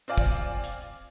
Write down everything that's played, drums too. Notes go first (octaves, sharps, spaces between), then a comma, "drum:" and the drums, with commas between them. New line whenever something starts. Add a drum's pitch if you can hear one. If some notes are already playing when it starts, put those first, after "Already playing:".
C4 F4 D5 F5 G#5
drum: kick
drum: hi-hat